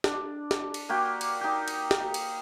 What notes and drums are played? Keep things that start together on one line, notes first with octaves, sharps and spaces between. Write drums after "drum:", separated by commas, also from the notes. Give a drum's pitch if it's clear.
D4, drum: snare
drum: snare
drum: cymbal
A#3 F#4 G4
drum: cymbal
D#4 G4
drum: cymbal
drum: snare
drum: cymbal